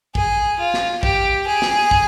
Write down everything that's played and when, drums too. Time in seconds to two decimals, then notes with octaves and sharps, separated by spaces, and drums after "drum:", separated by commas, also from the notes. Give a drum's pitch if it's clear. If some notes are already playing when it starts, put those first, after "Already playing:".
0.15 G#4, drum: kick
0.59 F4
0.74 drum: snare
1.03 G4, drum: kick
1.48 G#4
1.62 drum: snare
1.91 drum: kick